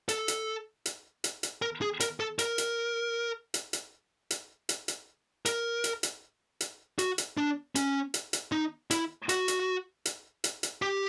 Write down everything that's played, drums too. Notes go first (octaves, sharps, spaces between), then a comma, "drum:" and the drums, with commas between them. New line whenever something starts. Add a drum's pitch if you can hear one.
A4, drum: hi-hat
drum: hi-hat
drum: hi-hat
drum: hi-hat
drum: hi-hat
A#4
G#4
A#4, drum: hi-hat
A4
A#4, drum: hi-hat
drum: hi-hat
drum: hi-hat
drum: hi-hat
drum: hi-hat
drum: hi-hat
drum: hi-hat
A#4, drum: hi-hat
drum: hi-hat
drum: hi-hat
drum: hi-hat
F#4, drum: hi-hat
drum: hi-hat
D4
C#4, drum: hi-hat
drum: hi-hat
drum: hi-hat
D#4
E4, drum: hi-hat
F#4, drum: hi-hat
drum: hi-hat
drum: hi-hat
drum: hi-hat
drum: hi-hat
G4